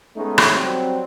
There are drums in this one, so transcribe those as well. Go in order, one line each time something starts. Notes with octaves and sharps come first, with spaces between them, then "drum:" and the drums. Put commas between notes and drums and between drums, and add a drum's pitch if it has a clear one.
G#3 A3 B3 C#4 D#4
drum: rim click
F#3 G3 C4